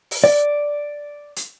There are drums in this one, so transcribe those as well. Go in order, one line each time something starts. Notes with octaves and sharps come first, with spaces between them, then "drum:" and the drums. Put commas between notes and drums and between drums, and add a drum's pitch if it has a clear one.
drum: open hi-hat
D5
drum: hi-hat